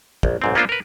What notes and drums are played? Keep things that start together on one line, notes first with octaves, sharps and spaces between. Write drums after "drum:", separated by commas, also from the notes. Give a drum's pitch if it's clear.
A#1, drum: kick
B1 G#2 C4
A#3 B3 D4 F4 A#4 C5
A#4 B4